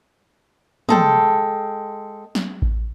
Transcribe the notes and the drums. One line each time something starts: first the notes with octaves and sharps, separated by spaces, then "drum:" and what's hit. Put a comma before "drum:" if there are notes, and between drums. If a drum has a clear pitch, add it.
G#3 A4 G5, drum: tom
drum: snare
drum: kick A1